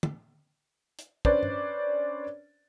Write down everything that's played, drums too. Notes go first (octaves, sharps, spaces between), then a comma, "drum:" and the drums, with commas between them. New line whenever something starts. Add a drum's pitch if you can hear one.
drum: tom
drum: hi-hat
C#4 D4 B4 C5 D5, drum: kick
drum: tom G2